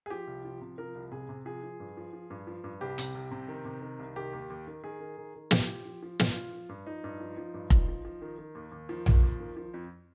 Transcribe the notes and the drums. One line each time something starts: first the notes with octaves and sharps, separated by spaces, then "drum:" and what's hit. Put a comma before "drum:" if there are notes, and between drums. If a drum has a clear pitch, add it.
G#4
F3 G4
C2
F3
C3
F3 A#4
C2
C3 G#4
C3
F3 G#4
F3
G2
F3
F3
G2
F3
G2
C2 G4
C3, drum: hi-hat
C2
C3
D#3
C3
D#3
C2
D#3 G4
D#2
D#2
D#3
D#3 G#4
D#3
D#3
D#3
F3 G4, drum: snare
F3
F3
F3
G2 F4, drum: snare
F3
F3
G2
F3 D#4
G2
F3
F3
G2
F3, drum: kick F1
F3
F3
D#3
D#3
D#2
D#2
D#3 F3
D#2, drum: tom A#1
D#2
D#3
F3
F2